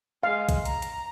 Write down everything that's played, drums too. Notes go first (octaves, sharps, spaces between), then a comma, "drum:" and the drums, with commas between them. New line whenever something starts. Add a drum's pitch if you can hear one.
G#3 F5
drum: kick B1, hi-hat
A#5, drum: hi-hat
drum: hi-hat